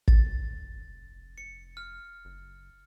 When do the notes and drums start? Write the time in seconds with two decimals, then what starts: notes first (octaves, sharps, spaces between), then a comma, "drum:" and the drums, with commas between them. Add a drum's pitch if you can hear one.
0.08 F1 A6, drum: kick
1.38 C#7
1.77 F6
2.25 F#1